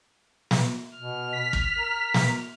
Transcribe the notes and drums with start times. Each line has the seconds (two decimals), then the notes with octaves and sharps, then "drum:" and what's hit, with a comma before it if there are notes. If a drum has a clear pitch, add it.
0.51 drum: snare
0.98 B2 F6
1.33 B6
1.53 drum: kick
1.78 A#4
2.14 drum: snare